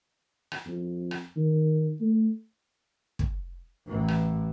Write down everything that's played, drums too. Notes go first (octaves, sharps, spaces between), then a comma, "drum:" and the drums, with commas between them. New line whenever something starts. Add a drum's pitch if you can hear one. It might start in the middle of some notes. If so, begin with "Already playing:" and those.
drum: rim click
F2
drum: rim click
D#3
A3
drum: kick
A1 E3
drum: rim click